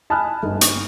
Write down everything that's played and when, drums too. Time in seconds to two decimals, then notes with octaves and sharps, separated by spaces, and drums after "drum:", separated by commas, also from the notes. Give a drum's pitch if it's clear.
0.10 G#5 A5 B5 D#6 F6 F#6
0.43 G1 D#4
0.61 C#6, drum: hi-hat